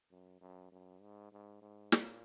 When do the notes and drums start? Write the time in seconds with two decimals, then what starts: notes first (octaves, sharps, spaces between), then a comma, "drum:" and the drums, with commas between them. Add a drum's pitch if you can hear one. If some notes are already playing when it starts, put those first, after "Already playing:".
0.11 F#2
0.41 F#2
0.71 F#2
1.01 G#2
1.32 G#2
1.62 G#2
1.92 A#2, drum: snare